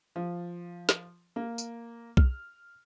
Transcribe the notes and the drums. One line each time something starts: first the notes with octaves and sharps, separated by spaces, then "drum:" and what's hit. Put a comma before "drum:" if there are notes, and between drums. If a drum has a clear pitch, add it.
F3
drum: snare
A#3
drum: tambourine
F6, drum: kick B1